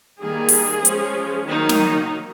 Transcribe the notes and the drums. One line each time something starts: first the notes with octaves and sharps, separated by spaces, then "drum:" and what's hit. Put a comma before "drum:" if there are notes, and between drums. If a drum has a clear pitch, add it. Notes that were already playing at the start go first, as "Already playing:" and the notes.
D#3 G3 A#3 G#4
drum: open hi-hat
F3 G#3 C#4, drum: hi-hat
D#3 F#3 A#3 D#4
drum: snare